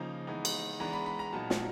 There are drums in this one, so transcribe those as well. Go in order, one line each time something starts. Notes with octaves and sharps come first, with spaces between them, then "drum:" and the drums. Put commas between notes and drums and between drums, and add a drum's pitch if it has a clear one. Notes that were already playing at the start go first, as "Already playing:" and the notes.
Already playing: C#3 F3 A#3 D#4 A#5
E3 G#3 B3 D#4
drum: cymbal
E3 G#3 B3 D4 A#5
B5
B5
A#5
A#2 F#3 B3 D#4 A5
drum: snare